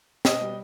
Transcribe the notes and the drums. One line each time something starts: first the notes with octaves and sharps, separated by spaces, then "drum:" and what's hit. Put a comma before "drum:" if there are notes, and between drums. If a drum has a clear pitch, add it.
B2 D#5, drum: snare
G3